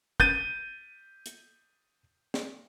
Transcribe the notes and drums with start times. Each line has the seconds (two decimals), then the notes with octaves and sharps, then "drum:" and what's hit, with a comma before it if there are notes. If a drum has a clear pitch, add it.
0.20 G6 A6 D#7, drum: kick
1.26 drum: hi-hat
2.34 drum: snare